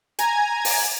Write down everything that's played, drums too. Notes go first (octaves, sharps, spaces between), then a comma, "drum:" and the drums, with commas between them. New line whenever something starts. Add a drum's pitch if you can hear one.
G#5 A#5 G#6, drum: hi-hat
drum: open hi-hat